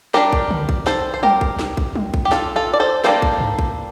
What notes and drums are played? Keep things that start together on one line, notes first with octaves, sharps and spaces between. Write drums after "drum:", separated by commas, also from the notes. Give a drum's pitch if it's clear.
G3 D4 G4 A#4, drum: snare
drum: kick A#1
drum: tom
drum: kick A#1
A4 C5, drum: snare
C5
G4 A#4, drum: tom F#3
drum: kick A#1
drum: snare
drum: kick A#1
drum: tom F#3
drum: kick A#1
G4
F4 A4, drum: snare
F4 A4
D5
A4 C5
G3 A#3 D4 A4 C5, drum: snare
drum: kick A#1
drum: tom G2
drum: kick A#1